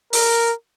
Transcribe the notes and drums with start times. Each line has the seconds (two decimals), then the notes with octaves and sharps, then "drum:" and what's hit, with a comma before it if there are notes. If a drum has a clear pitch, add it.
0.13 A#4, drum: open hi-hat